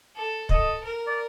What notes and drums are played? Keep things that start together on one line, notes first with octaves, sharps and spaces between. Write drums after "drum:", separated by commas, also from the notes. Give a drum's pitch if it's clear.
A4
A4 D#5, drum: kick
A#4
D5